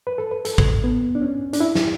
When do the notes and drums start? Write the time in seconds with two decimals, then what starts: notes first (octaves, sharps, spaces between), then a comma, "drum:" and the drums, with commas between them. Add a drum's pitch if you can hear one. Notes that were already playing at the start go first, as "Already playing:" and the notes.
0.07 B4
0.18 A4
0.31 B4
0.45 A4, drum: hi-hat
0.58 drum: kick
0.84 B3
1.15 D4
1.22 C#4
1.53 D4, drum: hi-hat
1.60 E4
1.75 drum: snare